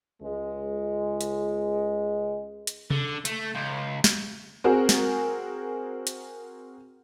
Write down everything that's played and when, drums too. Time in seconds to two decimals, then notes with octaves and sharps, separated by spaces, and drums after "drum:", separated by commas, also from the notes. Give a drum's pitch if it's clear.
0.22 C#2 G#3
1.21 drum: hi-hat
2.67 drum: hi-hat
2.90 D3, drum: tom C3
3.25 A3, drum: hi-hat
3.55 C#2
4.04 drum: snare
4.64 C4 F#4 G#4 A#4
4.89 drum: snare
6.07 drum: hi-hat